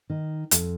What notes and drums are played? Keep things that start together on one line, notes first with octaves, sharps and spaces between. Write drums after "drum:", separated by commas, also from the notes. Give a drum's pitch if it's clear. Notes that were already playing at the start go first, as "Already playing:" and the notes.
D#3
F2, drum: hi-hat